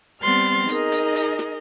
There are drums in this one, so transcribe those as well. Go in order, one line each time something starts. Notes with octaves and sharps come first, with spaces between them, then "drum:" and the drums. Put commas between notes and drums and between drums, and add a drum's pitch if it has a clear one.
G3 B3 C4 C6 F6 A6
D#4 G#4 A#4 D#5, drum: hi-hat
drum: hi-hat
drum: hi-hat
drum: snare